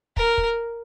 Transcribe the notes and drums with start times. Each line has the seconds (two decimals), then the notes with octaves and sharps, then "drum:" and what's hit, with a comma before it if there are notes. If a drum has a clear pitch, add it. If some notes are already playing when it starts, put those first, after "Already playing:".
0.17 A#4, drum: kick
0.38 drum: kick